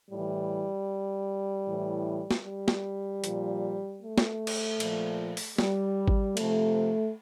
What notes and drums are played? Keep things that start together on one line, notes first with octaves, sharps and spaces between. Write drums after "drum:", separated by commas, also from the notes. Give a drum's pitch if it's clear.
A2 E3 G3
A2 E3
drum: snare
G3
drum: snare
A#2 F3, drum: hi-hat
A3
drum: snare
drum: cymbal
A#2 F3, drum: cymbal
drum: open hi-hat
G3, drum: snare
drum: kick G#1
C3 F3 A3, drum: cymbal